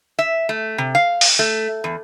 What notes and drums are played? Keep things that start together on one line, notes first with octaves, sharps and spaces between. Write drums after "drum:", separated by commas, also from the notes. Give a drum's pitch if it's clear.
E5
A3
C3
F5
drum: open hi-hat
A3
E2